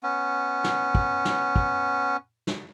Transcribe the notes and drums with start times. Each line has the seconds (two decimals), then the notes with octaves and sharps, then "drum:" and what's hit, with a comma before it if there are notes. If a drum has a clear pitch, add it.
0.03 B3 C#4
0.64 drum: snare
0.95 drum: kick
1.25 drum: snare
1.56 drum: kick
2.47 drum: snare